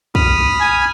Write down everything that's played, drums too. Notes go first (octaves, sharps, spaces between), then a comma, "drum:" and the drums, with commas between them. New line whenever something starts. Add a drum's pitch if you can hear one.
B5 D#6 F6, drum: kick
G#5